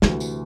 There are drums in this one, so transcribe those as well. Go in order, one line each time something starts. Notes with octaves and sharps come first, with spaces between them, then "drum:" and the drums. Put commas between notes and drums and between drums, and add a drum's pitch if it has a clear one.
D2 C3 E3 F3, drum: snare
drum: tambourine